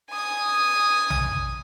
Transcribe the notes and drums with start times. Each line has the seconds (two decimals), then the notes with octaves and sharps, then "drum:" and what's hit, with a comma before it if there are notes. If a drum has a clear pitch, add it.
0.10 G#5 D#6
1.10 drum: tom A#1